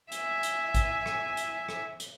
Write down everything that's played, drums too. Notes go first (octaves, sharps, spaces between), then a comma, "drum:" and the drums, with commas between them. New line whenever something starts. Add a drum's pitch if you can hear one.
E5 G#5, drum: hi-hat
drum: hi-hat
drum: kick, hi-hat
drum: rim click
drum: hi-hat
drum: rim click
drum: hi-hat